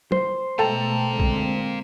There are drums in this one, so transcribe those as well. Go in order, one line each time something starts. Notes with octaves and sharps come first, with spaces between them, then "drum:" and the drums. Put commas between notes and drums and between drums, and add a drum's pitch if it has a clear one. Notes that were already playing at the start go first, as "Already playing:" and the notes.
C5, drum: tom
B2 G#3 A3 F4 A4 A#4 G5 A5
D3 G#3 C4
drum: kick